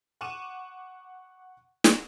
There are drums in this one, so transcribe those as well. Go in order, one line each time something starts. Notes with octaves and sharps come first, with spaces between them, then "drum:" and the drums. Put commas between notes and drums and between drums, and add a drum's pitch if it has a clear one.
F#5 C#6 D6 D#7 E7
drum: snare